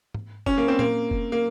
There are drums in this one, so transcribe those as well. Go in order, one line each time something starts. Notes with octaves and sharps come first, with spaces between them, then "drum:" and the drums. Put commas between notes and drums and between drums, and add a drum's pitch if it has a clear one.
drum: tom G#2
C#4, drum: kick F1
A#3
C4
A#3, drum: tom A#2
drum: kick F1
A#3